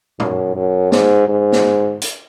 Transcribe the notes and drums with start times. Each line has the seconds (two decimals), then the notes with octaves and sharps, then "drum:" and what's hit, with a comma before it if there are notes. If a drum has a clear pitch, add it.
0.20 F#2, drum: tom B2
0.56 F#2
0.92 G#2, drum: snare
1.29 G#2
1.52 drum: snare
2.02 drum: hi-hat